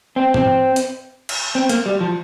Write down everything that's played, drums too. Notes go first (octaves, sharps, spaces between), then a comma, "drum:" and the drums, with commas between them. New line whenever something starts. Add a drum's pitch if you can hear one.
C4
C4, drum: tom A2
drum: hi-hat
drum: cymbal
C4
A#3, drum: hi-hat
G3
F3